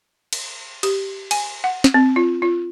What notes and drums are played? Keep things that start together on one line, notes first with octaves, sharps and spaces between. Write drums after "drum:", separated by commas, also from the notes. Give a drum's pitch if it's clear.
drum: cymbal
G4, drum: cymbal
G#5, drum: cymbal
F#5
drum: snare
C4
F4
F4